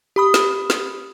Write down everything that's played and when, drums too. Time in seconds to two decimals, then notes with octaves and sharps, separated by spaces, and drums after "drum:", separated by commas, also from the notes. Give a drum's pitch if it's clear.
0.16 G4 B5 D#6
0.34 drum: snare
0.70 drum: snare